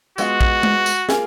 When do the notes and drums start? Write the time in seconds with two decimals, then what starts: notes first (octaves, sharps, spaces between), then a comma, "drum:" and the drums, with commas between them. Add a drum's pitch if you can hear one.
0.18 G#3 B3 F4 F#4, drum: tambourine
0.41 drum: kick A#1
0.63 drum: tom G#3
0.86 drum: tambourine
1.09 A#3 F4 G#4, drum: snare